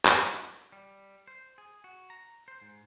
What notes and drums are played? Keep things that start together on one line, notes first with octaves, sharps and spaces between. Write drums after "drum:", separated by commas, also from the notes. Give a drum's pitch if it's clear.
drum: clap
G3
C5
G#4
F#4
A#5
C5
G#2